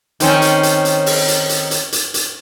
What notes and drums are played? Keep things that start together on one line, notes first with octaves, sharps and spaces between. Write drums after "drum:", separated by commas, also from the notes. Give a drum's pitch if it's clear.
D#3 C4 C#4, drum: hi-hat
drum: hi-hat
drum: hi-hat
drum: hi-hat
drum: open hi-hat
drum: hi-hat
drum: hi-hat
drum: hi-hat
drum: hi-hat
drum: hi-hat